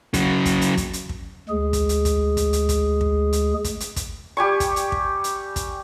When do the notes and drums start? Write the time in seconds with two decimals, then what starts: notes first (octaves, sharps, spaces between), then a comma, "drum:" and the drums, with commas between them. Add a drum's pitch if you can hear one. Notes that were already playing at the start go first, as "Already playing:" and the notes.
0.14 C#3 F#3, drum: kick, hi-hat
0.45 drum: kick, hi-hat
0.61 drum: hi-hat
0.77 drum: kick, hi-hat
0.93 drum: hi-hat
1.09 drum: kick
1.49 D2 G#3 G#4
1.73 drum: kick, hi-hat
1.89 drum: hi-hat
2.05 drum: kick, hi-hat
2.37 drum: kick, hi-hat
2.53 drum: hi-hat
2.69 drum: kick, hi-hat
3.01 drum: kick
3.33 drum: hi-hat
3.64 drum: kick, hi-hat
3.80 drum: hi-hat
3.96 drum: kick, hi-hat
4.37 G3 G4 G#5 C#6
4.60 drum: kick, hi-hat
4.76 drum: hi-hat
4.92 drum: kick
5.24 drum: hi-hat
5.56 drum: kick, hi-hat